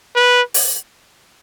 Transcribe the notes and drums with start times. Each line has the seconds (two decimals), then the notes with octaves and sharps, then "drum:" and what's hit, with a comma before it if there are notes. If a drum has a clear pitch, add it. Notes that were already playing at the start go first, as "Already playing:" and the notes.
0.16 B4
0.54 drum: open hi-hat